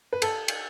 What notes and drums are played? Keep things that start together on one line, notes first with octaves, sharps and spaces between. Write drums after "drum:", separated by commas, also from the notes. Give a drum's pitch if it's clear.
B4
A4, drum: cymbal
drum: cymbal